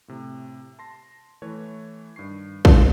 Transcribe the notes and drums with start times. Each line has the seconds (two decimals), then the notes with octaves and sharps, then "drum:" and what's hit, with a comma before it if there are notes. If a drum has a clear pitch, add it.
0.08 A2 C3
0.79 A5 C6 A#6
1.42 E3 A3 B4 C#5
2.16 G2 D#3 C#6 C7
2.65 B2 F3 C4, drum: kick